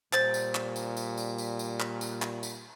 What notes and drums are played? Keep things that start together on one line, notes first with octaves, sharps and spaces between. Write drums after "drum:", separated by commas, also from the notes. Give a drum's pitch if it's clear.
A#2 G3 C5 A6, drum: clap
drum: tambourine
drum: clap
drum: tambourine
drum: tambourine
drum: tambourine
drum: tambourine
drum: tambourine
drum: clap
drum: tambourine
drum: clap
drum: tambourine